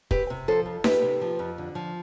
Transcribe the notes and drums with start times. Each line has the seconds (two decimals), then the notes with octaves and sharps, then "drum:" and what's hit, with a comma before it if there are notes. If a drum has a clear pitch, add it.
0.11 C4 G4 B4, drum: kick
0.30 C3
0.48 F3 A4 C5
0.66 F2
0.84 C4 G4 B4, drum: snare D#4
1.02 C3
1.21 F3
1.39 F2
1.58 D3
1.75 F3